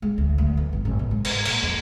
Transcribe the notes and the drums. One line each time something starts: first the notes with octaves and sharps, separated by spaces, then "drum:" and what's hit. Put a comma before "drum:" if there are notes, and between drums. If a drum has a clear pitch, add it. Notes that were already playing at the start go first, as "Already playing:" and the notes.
G#3
D2
D2
E3
G1
G#1
B2
G#2
drum: cymbal
A#2, drum: cymbal
F2